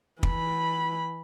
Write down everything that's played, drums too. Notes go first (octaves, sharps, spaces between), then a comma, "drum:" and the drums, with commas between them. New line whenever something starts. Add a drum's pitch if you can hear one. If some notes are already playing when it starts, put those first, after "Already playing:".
E3 B5, drum: kick